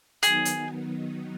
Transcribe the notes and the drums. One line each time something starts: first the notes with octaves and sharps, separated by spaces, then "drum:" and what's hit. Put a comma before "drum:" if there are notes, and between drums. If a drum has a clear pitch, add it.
D#3 F#3 B3 D#4 G#4, drum: hi-hat
drum: hi-hat